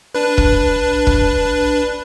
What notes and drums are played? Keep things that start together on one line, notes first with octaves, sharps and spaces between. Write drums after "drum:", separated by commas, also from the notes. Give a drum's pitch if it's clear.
D4 B4
drum: kick
drum: kick